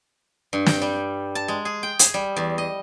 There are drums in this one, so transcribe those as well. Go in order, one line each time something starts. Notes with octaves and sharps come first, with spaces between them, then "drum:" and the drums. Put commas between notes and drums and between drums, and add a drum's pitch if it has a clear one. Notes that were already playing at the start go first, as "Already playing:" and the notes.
G2
G5, drum: snare
G3
A5
G#3
G#4
G5
G#4, drum: hi-hat
G3
E2
D#5